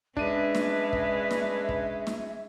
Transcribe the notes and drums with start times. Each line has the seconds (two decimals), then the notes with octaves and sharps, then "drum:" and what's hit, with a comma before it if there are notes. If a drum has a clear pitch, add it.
0.17 G#3 C#4 D4 B4 E5 D#7, drum: kick
0.55 drum: snare
0.93 drum: kick
1.31 drum: snare
1.69 drum: kick
2.07 drum: snare